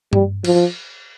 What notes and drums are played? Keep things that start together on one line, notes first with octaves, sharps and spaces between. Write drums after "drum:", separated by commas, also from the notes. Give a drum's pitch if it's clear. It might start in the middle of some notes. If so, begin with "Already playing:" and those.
G3, drum: tom G2
F3, drum: cymbal